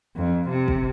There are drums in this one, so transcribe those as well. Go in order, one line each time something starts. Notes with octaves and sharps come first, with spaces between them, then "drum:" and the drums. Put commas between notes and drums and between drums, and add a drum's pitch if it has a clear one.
F2
C3
drum: kick